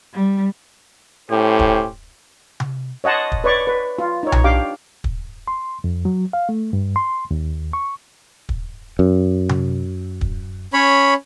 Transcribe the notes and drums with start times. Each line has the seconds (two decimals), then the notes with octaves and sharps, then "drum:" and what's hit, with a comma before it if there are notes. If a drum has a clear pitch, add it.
0.13 G3
1.31 A2 C#4 G4 C5
1.59 drum: kick
2.60 drum: tom C3
3.04 C#5 D#5 F#5 A5 C6
3.32 drum: kick
3.44 B4 C#5 D5 C#6
3.67 B4
3.98 F4
4.23 D#4 C#5
4.32 drum: tom B1
4.44 D4 G4 F5 G5 D6
5.04 drum: kick
5.48 C6
5.84 F2
6.05 F#3
6.33 F5
6.49 A3
6.73 G2
6.96 C6
7.31 D#2
7.73 C#6
8.49 drum: kick
8.99 F#2
9.49 drum: tom C3
10.21 drum: kick
10.73 C#4 C#5 B5